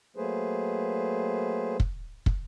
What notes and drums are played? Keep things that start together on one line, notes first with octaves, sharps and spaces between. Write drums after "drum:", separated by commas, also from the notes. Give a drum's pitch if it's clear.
F#3 A3 A#3 G#4 B4 C5
drum: kick
drum: kick